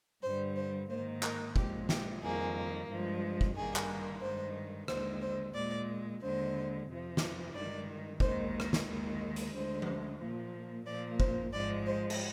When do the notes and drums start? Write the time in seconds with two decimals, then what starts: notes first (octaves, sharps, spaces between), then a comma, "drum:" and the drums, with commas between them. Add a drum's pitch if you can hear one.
0.23 G2 D3 G3 C5
0.56 C5
0.89 G#2 D#3 A#3 C5
1.23 A#4, drum: clap
1.56 A#2 F3 G#3 G4, drum: kick
1.89 G4, drum: snare
2.22 F2 D#3 G3 A#3 G#4
2.88 G2 F3 G#3
3.41 drum: kick
3.56 G2 D#3 G3 A#3 G#4
3.76 drum: clap
4.21 G2 D#3 G#3 C5
4.88 D#2 D3 G#3 C5, drum: rim click
5.21 C5
5.54 A#2 G#3 D5
6.21 D#2 D3 G#3 C5
6.88 F2 C3 F3
7.17 drum: snare
7.55 G2 D#3 G#3 D5
8.20 D#2 D#3 G#3 C5, drum: kick
8.60 drum: rim click
8.73 drum: snare
8.88 D#2 D#3 G#3
9.36 drum: hi-hat
9.54 D2 D3 G#3 C5
9.82 drum: tom F3
10.20 A#2 F3 A#3
10.86 A#2 F3 A#3 D5
11.20 C5, drum: kick
11.53 G#2 F3 G#3 D5
11.86 C5
12.10 drum: cymbal